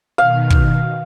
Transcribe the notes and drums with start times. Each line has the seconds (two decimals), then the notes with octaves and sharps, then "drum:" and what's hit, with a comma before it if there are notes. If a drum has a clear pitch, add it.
0.18 B2 D#3 F5
0.50 drum: kick